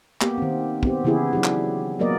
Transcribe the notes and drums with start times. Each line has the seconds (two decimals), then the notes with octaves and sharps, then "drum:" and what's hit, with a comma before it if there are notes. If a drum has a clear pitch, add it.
0.21 A#3 B3 G4, drum: clap
0.38 D#3 C4
0.83 B3 C4 G4, drum: kick
1.04 C#3 E3 B3 E4 G4 G#4
1.33 F#3 D4 G4
1.44 drum: clap
1.99 F#3 A#3 B3 A#4 D5 D#5